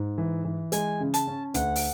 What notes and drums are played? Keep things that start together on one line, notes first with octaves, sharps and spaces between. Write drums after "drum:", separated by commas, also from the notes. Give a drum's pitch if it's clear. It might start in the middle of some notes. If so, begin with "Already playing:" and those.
Already playing: G#2
E3
E3
G#3 G#5, drum: hi-hat
C#3
A5, drum: hi-hat
C#4
D2 F#5, drum: hi-hat
drum: open hi-hat